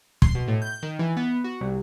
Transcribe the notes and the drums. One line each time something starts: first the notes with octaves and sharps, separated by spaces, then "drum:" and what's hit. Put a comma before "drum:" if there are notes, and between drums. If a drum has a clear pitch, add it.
C6, drum: kick
B2
A2
G6
D#3
E3
B3
F#4
C2